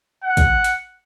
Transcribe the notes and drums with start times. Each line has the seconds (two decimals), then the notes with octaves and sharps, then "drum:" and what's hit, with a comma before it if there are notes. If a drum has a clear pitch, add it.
0.24 F#5
0.37 drum: kick, hi-hat
0.64 drum: hi-hat